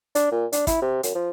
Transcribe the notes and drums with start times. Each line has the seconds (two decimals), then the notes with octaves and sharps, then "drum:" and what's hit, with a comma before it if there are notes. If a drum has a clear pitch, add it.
0.15 D4, drum: hi-hat
0.32 A#2
0.52 D4, drum: hi-hat
0.67 E4, drum: kick, hi-hat
0.82 C3
1.03 F#2, drum: hi-hat
1.15 F3